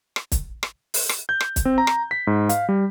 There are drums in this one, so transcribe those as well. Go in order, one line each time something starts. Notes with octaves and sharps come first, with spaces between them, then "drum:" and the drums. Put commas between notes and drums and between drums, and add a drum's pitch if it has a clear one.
drum: rim click
drum: kick, hi-hat
drum: rim click
drum: open hi-hat
drum: rim click
G6
drum: rim click
drum: kick, hi-hat
C4
A#5
drum: rim click
B6
G#2
F5, drum: hi-hat
G3